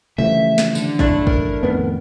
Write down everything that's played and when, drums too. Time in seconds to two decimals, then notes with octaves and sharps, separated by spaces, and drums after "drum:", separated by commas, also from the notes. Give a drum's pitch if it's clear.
0.18 C#3 E3 F3 G3 A3 E5
0.58 drum: snare
0.75 D3, drum: tambourine
0.99 G1 A3 D4 E4, drum: kick
1.27 A#4, drum: kick
1.63 F2 A2 D#3 B3